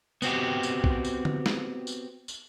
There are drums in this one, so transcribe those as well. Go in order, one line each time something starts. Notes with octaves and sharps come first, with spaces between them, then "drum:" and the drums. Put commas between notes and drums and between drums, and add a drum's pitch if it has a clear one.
B3 C4 F#4 G4, drum: tambourine
drum: tambourine
drum: kick B1
drum: tambourine
drum: tom D3
drum: snare
drum: tambourine
drum: tambourine